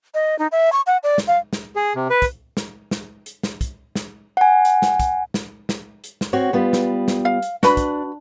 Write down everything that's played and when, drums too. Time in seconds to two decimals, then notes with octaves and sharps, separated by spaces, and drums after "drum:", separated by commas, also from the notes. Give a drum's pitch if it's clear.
0.14 D#5
0.39 D#4
0.52 E5
0.73 C#6
0.87 F#5
1.03 D5
1.18 drum: snare
1.27 F5
1.53 drum: snare
1.76 G#4
1.96 C3
2.10 B4
2.22 drum: kick, hi-hat
2.57 drum: snare
2.91 drum: snare
3.26 drum: hi-hat
3.43 drum: snare
3.61 drum: kick, hi-hat
3.95 drum: snare
4.37 F#5 G#5
4.65 drum: hi-hat
4.82 drum: snare
5.00 drum: kick, hi-hat
5.34 drum: snare
5.69 drum: snare
6.04 drum: hi-hat
6.21 drum: snare
6.33 C4 F#4 C#5
6.53 G3 B3 F4
6.73 drum: snare
7.08 drum: snare
7.25 F5
7.42 drum: hi-hat
7.63 D4 F#4 B4 B5, drum: snare
7.77 drum: kick, hi-hat